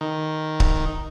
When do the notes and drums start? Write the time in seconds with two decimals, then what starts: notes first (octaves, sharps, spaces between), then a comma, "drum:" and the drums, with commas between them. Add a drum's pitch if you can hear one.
0.01 D#3
0.60 drum: kick C#1